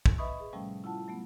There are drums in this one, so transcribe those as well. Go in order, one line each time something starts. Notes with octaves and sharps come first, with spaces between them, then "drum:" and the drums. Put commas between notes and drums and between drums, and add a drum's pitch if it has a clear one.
drum: kick
B4 D#5 E5 B5 C#6 D#6
G#4
A2 C3 F3 G3 A3 C#4
E4 F4 F#5 A5
F#3 A3 B3